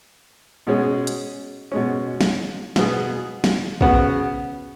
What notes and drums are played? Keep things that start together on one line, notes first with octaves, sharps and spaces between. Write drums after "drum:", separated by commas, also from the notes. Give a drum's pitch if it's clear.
B2 G#3 C#4 G#4
drum: hi-hat
B2 G#3 C#4
drum: snare
B2 B3 G#4, drum: snare
drum: snare
C#3 B3 F#4, drum: kick